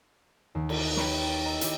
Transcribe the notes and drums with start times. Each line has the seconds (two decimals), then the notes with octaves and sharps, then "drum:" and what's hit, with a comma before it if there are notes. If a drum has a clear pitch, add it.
0.55 D#2
0.69 drum: cymbal
0.96 G4 B4 C#5 A#5 B5 C#6, drum: snare
1.46 D#5 A#5 E6
1.61 E4 G4, drum: hi-hat